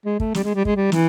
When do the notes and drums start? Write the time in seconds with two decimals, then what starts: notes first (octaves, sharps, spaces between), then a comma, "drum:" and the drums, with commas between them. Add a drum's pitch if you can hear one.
0.06 G#3
0.20 A3, drum: kick
0.35 G3, drum: snare
0.44 G#3
0.55 G3
0.65 G#3, drum: kick
0.76 G3
0.92 E3, drum: snare